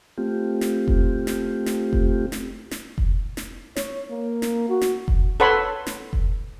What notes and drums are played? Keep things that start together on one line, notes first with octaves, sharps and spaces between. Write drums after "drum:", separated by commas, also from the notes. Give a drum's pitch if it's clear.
A3 C4 F4 G4
drum: snare
drum: kick F1
drum: snare
drum: snare
drum: kick F1
drum: snare
drum: snare
drum: kick F1
drum: snare
C#5, drum: snare
A#3
drum: snare
F#4
drum: snare
drum: kick F1
A4 B4 C#5 F#5 B5 C6
drum: snare
drum: kick F1